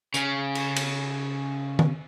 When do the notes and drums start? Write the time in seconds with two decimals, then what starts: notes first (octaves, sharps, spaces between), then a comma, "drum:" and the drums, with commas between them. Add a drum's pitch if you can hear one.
0.14 C#3 C#4, drum: hi-hat
0.55 drum: cymbal
0.76 drum: cymbal
1.79 drum: tom D#3